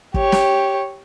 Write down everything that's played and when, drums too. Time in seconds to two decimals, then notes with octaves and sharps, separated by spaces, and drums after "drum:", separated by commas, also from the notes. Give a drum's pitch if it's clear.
0.14 G4 C#5, drum: kick
0.32 drum: snare